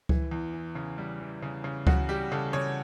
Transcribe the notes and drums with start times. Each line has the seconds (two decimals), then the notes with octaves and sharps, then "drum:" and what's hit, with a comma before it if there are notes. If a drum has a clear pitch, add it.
0.09 E3, drum: kick C#2
0.31 E2
0.53 E3
0.75 C#3
0.98 G3
1.20 E3
1.42 C#3
1.64 C#3
1.87 C#3 F#4, drum: kick C#2
2.09 G3 G4
2.32 C#3 A4
2.53 C#3 C#5